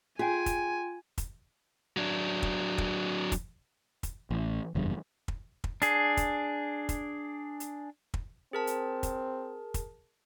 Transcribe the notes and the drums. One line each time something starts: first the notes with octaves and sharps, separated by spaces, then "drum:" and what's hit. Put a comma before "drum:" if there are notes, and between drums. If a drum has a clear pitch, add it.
F4 G#4 G5 G#5
drum: kick, hi-hat
drum: kick, hi-hat
F#3 D4
drum: kick
drum: kick
drum: kick, hi-hat
drum: kick, hi-hat
A1
F#1 E2 G2
drum: kick
drum: kick
D4 G#4, drum: hi-hat
drum: kick, hi-hat
drum: kick, hi-hat
drum: hi-hat
drum: kick
C4 G#4 A#4 A5
drum: hi-hat
drum: kick, hi-hat
drum: kick, hi-hat